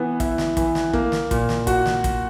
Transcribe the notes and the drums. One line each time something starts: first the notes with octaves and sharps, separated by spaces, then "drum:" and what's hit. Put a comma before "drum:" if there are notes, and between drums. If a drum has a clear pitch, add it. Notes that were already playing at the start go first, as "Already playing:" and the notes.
Already playing: E3 B3
E4, drum: kick, hi-hat
drum: snare
E3, drum: kick, hi-hat
drum: snare
A#3, drum: kick
drum: snare
A#2, drum: kick, hi-hat
drum: snare
F#4, drum: kick, hi-hat
drum: snare
drum: kick, hi-hat